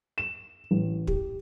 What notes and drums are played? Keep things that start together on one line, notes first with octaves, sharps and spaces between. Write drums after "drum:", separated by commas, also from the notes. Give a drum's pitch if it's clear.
E7
A1
G4, drum: kick